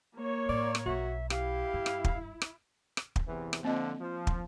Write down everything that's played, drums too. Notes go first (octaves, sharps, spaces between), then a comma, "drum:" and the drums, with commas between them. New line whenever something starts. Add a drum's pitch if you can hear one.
A#3 C#5
A2 D5
drum: rim click
B1 F#4 E5
E4 G4 F5, drum: rim click
G2
drum: rim click
drum: kick
drum: rim click
drum: rim click
drum: kick
E2 C3 E3
drum: rim click
D3 F3 A#3 C4 D#5
F3
drum: kick